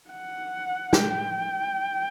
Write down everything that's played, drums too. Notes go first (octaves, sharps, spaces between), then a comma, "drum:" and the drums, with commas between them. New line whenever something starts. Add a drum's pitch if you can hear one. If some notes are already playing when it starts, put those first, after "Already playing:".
F#5
G5, drum: snare